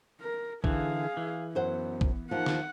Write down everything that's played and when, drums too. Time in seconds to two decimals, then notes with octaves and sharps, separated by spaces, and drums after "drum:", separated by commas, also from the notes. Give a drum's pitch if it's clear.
0.21 A#4
0.64 D3 E3 G#4 F5, drum: kick
1.17 E3
1.55 F#2 B3 C5 F#5
2.01 drum: kick
2.31 D#2 F3 F#5
2.46 drum: snare